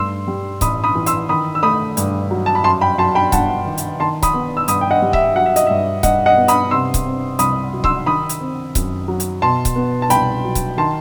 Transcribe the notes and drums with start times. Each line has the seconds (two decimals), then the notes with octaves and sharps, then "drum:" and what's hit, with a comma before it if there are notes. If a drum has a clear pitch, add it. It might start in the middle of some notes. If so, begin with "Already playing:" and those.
Already playing: G2 A3 C6 E6
0.28 G3
0.61 A1 B5 D#6, drum: kick C#1, hi-hat
0.84 B5 D#6
0.95 E3
1.06 C6 E6, drum: hi-hat
1.29 D#3 B5 D#6
1.55 E6
1.63 A3 B5 D#6
1.97 G2, drum: hi-hat
2.31 F#3
2.46 A5
2.55 B5
2.64 F#2 A5 C6
2.81 G5 B5
2.98 F#3 A5 C6
3.15 G5 B5
3.32 G1 F#5 A5, drum: kick C#1, hi-hat
3.66 D#3
3.78 drum: hi-hat
4.00 D#3 A5 C6
4.23 B5 D#6, drum: kick C#1, hi-hat
4.34 B3
4.57 E6
4.68 G2 B5 D#6, drum: hi-hat
4.81 G5
4.91 D#5 F#5
5.02 G3
5.13 E5, drum: kick C#1
5.35 F#3 F#5
5.46 E5
5.56 D#5, drum: hi-hat
5.66 G2 E5
6.03 G2 D#5 F#5, drum: kick C#1, hi-hat
6.26 D#5 F#5
6.37 B3
6.48 B5 D#6, drum: hi-hat
6.71 C3 C6 E6
6.94 drum: kick C#1, hi-hat
7.06 C4
7.39 C2 B5 D#6, drum: hi-hat
7.73 F#3
7.84 C6 E6, drum: kick C#1
8.06 D#3 B5 D#6
8.29 drum: hi-hat
8.41 C4
8.75 F#2, drum: kick C#1, hi-hat
9.08 F#3
9.20 drum: hi-hat
9.42 B2 A5 C6
9.65 drum: kick C#1, hi-hat
9.76 B3
10.02 A5
10.10 C2 G5 B5, drum: hi-hat
10.44 F#3
10.55 drum: kick C#1, hi-hat
10.78 D#3 A5 C6